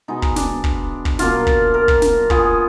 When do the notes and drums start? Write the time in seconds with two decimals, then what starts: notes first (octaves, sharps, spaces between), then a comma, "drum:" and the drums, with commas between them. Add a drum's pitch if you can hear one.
0.08 B2 G#3 B3 D#4
0.22 drum: kick
0.36 D4, drum: snare
0.64 drum: kick
1.05 drum: kick
1.19 B2 A#3 F4, drum: snare
1.47 drum: kick
1.74 A#4
1.88 drum: kick
2.02 drum: snare
2.30 A#2 F3 B3 G#4, drum: kick